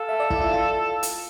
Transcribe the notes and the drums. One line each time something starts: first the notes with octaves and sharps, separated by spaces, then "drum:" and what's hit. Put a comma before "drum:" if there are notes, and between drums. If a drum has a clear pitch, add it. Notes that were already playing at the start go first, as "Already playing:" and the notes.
Already playing: A4 F5
E5
D5
E4, drum: kick
F4
F4
drum: hi-hat